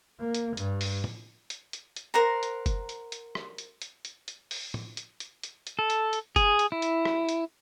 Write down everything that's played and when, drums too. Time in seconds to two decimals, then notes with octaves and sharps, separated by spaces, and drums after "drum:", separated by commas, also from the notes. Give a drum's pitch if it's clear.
0.20 A#3
0.35 drum: hi-hat
0.57 G2, drum: hi-hat
0.81 drum: open hi-hat
1.04 drum: tom
1.50 drum: hi-hat
1.73 drum: hi-hat
1.96 drum: hi-hat
2.14 A#4 C5 F#5 A#5
2.43 drum: hi-hat
2.66 drum: kick F#1, hi-hat
2.89 drum: hi-hat
3.12 drum: hi-hat
3.35 drum: rim click
3.58 drum: hi-hat
3.82 drum: hi-hat
4.05 drum: hi-hat
4.28 drum: hi-hat
4.51 drum: open hi-hat
4.74 drum: tom
4.97 drum: hi-hat
5.20 drum: hi-hat
5.43 drum: hi-hat
5.67 drum: hi-hat
5.79 A4
5.90 drum: hi-hat
6.13 drum: hi-hat
6.36 G#4, drum: kick F#1, hi-hat
6.59 drum: hi-hat
6.72 E4
6.82 drum: hi-hat
7.05 drum: rim click
7.29 drum: hi-hat